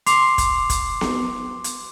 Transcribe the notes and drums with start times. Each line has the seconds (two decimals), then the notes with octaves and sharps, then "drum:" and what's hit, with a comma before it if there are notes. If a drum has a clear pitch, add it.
0.06 C6 D6 C7 F7, drum: hi-hat
0.38 drum: kick, hi-hat
0.70 drum: kick, hi-hat
1.01 drum: snare B3
1.64 drum: hi-hat